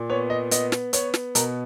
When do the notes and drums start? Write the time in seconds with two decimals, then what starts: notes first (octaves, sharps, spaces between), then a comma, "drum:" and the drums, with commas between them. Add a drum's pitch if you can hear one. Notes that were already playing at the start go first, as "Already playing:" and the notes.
Already playing: A#2
0.10 B3 C#5
0.30 D#5
0.51 B3 D#5, drum: hi-hat
0.72 drum: snare
0.93 B3 C#5, drum: hi-hat
1.14 drum: snare
1.35 B2 A#4, drum: hi-hat